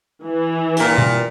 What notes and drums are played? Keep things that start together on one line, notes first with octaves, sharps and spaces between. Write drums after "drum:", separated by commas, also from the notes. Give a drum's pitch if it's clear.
E3
G2 A#2, drum: hi-hat
drum: tom